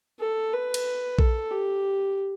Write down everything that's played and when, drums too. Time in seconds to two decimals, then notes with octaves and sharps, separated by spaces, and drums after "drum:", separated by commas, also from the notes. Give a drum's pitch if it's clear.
0.20 A4
0.53 B4
0.74 drum: cymbal
1.19 A4, drum: kick A#1
1.51 G4